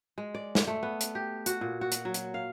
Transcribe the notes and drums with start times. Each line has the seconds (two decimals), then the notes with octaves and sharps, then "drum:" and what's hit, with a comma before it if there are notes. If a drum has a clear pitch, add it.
0.18 G#3
0.34 D5
0.55 drum: snare
0.67 A3
0.83 B3
1.01 drum: hi-hat
1.15 G4
1.46 F#4, drum: hi-hat
1.61 A#2
1.81 F#4
1.92 drum: hi-hat
2.05 F#3
2.14 drum: hi-hat
2.34 F5